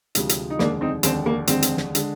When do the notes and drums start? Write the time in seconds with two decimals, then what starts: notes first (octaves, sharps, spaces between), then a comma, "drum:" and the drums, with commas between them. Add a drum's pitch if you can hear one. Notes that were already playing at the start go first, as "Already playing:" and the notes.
0.15 D2 C3 F3 G#3, drum: hi-hat
0.29 drum: hi-hat
0.50 D#4
0.59 F1 D#2 D3 G#3 A#3 D4, drum: snare
0.81 C4 D#4
1.03 F1 D#2 D3 G#3 C4, drum: hi-hat
1.26 A#3
1.47 F1 D#2 D3 G#3 C4, drum: hi-hat
1.62 drum: hi-hat
1.77 drum: snare
1.95 D3 G#3, drum: hi-hat